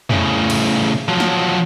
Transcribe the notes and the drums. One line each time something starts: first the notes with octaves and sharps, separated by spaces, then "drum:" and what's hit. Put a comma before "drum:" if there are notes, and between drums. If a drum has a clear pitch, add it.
A2 C#3, drum: tom F2
drum: cymbal
F3 F#3
drum: snare